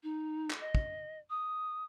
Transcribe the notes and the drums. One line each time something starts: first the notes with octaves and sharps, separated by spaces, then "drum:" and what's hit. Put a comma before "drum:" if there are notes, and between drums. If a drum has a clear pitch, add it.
D#4
drum: clap
D#5
drum: kick
D#6